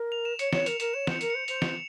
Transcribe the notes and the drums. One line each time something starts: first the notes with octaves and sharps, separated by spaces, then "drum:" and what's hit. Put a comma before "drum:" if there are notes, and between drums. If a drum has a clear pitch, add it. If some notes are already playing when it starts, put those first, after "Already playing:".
Already playing: A#4
F7
E7
C#5 C#7, drum: hi-hat
C#5 E7, drum: snare
A#4 F7, drum: hi-hat
A#4 E7, drum: hi-hat
C#5 E7
C5 C#7, drum: snare
A#4, drum: hi-hat
C5 C#7
C5 F7, drum: hi-hat
drum: snare